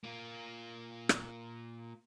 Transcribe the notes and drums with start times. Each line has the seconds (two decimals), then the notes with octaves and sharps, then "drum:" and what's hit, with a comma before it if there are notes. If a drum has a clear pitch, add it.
0.04 A#3 F4
1.09 drum: rim click